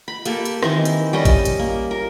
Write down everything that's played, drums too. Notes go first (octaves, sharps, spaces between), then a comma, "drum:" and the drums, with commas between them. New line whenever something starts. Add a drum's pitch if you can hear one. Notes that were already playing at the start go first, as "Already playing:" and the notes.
B5
A#3 G4 A4, drum: hi-hat
drum: hi-hat
D#3 E3 C4, drum: rim click
drum: hi-hat
G3 C#4 D#5
drum: kick A1, hi-hat
drum: hi-hat
A#3
A#4